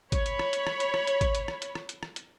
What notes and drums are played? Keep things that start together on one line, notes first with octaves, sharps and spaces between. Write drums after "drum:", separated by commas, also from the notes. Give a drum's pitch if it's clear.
C#5 B5, drum: kick, hi-hat
drum: hi-hat
drum: rim click
drum: hi-hat
drum: rim click
drum: hi-hat
drum: rim click
drum: hi-hat
drum: kick, hi-hat
drum: hi-hat
drum: rim click
drum: hi-hat
drum: rim click
drum: hi-hat
drum: rim click
drum: hi-hat